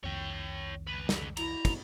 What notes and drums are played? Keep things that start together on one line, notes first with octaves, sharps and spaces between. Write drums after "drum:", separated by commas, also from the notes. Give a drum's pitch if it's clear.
C2 F2 D#3 C#5 G5
C#2 B4
drum: snare
E4 A#5, drum: cymbal
drum: kick, cymbal